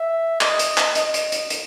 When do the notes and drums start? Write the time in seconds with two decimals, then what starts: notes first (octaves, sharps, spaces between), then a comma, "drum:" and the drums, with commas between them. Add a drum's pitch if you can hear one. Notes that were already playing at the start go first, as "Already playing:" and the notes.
Already playing: E5
0.41 D#5, drum: clap
0.59 drum: hi-hat
0.78 drum: clap
0.95 D#5, drum: hi-hat
1.14 drum: hi-hat
1.32 drum: hi-hat
1.50 drum: hi-hat